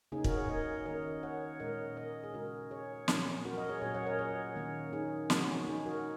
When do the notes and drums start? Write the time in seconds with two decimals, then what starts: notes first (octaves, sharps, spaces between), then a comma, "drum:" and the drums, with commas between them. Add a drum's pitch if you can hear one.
0.12 C#3 A#3 C#4 D#4 G#4
0.24 F#4 A#4, drum: kick
0.37 G#4 C#5
0.49 A#4 D#5
0.86 D#3 A#3 C#4 A#4 D#5
1.23 C#5 F#5
1.60 A#2 G#3 C#4 A#4 D#5
1.97 A#4 D#5
2.24 G#4
2.34 C#3 G#3 C#4 F#4 A#4
2.71 G#4 C#5
3.08 A#2 F#3 C#4, drum: snare
3.45 F#4 A#4
3.57 A#4 D#5
3.69 G#4 C#5
3.82 A#2 F#3 C#4 G#4 C#5
3.94 C#5 F#5
4.06 A#4 D#5
4.19 G#4 C#5
4.56 D#3 A#3 C#4
4.93 D#4 G#4
5.30 C#3 G#3 C#4 F#4, drum: snare
5.48 F#4
5.67 D#4 G#4
5.85 F#4 A#4